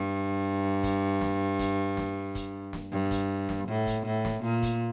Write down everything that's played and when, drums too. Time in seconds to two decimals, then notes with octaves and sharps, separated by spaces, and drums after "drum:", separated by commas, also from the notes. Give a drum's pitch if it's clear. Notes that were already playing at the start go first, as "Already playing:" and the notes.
Already playing: G2
0.83 drum: kick, hi-hat
1.21 drum: snare
1.59 drum: kick, hi-hat
1.97 drum: snare
2.35 drum: kick, hi-hat
2.73 drum: snare
2.92 G2
3.11 drum: kick, hi-hat
3.49 drum: snare
3.68 A2
3.87 drum: kick, hi-hat
4.06 A2
4.25 drum: snare
4.44 A#2
4.63 drum: kick, hi-hat